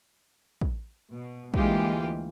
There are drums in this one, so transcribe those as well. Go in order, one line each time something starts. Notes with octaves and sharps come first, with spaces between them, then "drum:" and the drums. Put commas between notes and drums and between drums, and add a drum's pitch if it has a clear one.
drum: kick
B2
D2 E3 G#3 A#3 F4 G4, drum: kick